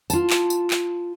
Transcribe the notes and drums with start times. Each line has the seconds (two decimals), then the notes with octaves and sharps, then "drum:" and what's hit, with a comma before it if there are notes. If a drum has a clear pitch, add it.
0.10 F4 A5, drum: tambourine
0.30 drum: clap
0.50 drum: tambourine
0.70 drum: clap